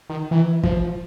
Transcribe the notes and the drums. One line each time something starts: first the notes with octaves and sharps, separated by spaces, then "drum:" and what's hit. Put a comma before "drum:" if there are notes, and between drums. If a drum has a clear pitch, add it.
D#3
E3
F3, drum: kick